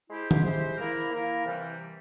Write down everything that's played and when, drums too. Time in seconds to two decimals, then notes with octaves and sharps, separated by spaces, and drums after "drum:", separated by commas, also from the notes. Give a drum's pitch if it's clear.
0.09 G#3 E4 G4 C5
0.31 drum: tom D#3
0.43 G#3 E4 G4 C5
0.77 A#3 E4 A#4
1.11 A#3 E4 A#4
1.45 C3 E3 G3